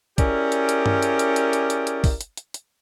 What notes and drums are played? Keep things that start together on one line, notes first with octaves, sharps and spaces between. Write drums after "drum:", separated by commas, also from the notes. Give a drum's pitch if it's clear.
C#4 E4 G4 G#4 A#4 D5, drum: kick, hi-hat
drum: hi-hat
drum: hi-hat
drum: tom G2
drum: hi-hat
drum: hi-hat
drum: hi-hat
drum: hi-hat
drum: hi-hat
drum: hi-hat
drum: kick, open hi-hat
drum: hi-hat
drum: hi-hat
drum: hi-hat